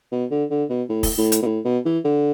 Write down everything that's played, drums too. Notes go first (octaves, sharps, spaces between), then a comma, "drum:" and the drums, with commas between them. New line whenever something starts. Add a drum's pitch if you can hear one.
B2
D3
D3
B2
A2
drum: kick, open hi-hat
A2
drum: hi-hat
B2
A2
B2
E3
D3